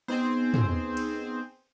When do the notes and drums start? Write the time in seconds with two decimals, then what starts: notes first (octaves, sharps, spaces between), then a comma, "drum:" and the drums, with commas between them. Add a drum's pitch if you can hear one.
0.08 B3 C4 D#4 G#4 C5
0.54 drum: tom
0.97 drum: cymbal